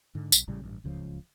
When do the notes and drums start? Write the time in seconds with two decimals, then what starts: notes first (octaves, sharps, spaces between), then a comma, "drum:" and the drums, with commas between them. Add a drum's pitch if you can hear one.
0.15 G#2 D3
0.32 B1, drum: tambourine
0.48 A1 A2 C#3 G3
0.63 A1 G2
0.84 D1 C#2 C#3 F3